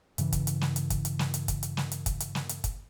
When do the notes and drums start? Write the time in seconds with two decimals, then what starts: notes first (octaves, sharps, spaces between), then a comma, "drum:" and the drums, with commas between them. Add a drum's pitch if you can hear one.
0.18 G2 C#3 E3, drum: hi-hat
0.33 drum: kick, hi-hat
0.47 drum: hi-hat
0.61 drum: snare
0.76 drum: hi-hat
0.90 drum: kick, hi-hat
1.05 drum: hi-hat
1.19 drum: snare
1.34 drum: hi-hat
1.48 drum: kick, hi-hat
1.63 drum: hi-hat
1.77 drum: snare
1.92 drum: hi-hat
2.06 drum: kick, hi-hat
2.20 drum: hi-hat
2.35 drum: snare
2.49 drum: hi-hat
2.64 drum: kick, hi-hat